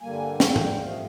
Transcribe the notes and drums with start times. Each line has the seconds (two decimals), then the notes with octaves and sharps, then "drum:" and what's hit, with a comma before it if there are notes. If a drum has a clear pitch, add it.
0.02 G2 D3 G3 A#3 G#5
0.40 G5, drum: snare
0.56 drum: tom
0.79 C3 F3 A3 F5
0.90 D#5